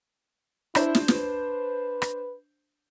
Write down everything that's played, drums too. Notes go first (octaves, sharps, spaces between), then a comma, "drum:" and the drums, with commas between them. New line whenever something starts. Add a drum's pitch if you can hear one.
D4 E4 C5, drum: rim click
drum: snare
B4, drum: snare
drum: rim click